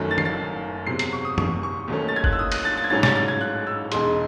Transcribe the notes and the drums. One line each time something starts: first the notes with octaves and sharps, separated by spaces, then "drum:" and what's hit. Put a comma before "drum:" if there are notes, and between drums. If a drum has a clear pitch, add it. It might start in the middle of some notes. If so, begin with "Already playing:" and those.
Already playing: F#1 F#2 D#3 F#3 A3
A6
C7, drum: tom D#3
A6
E2 C3 F#3 C7
C7, drum: hi-hat
C#6
D#6
C#6, drum: tom
C#6
D#2 D#3 F#3 A3 C#4
A6
G#6
F#6, drum: kick G1
E6
D#6
F#6, drum: cymbal
A6
A6
G#6
A1 G#2 F#3 C#4 A6
A6, drum: snare
A6
G#6
F#6
E6
E1 E2 C#3 G#3 D#4 C6, drum: hi-hat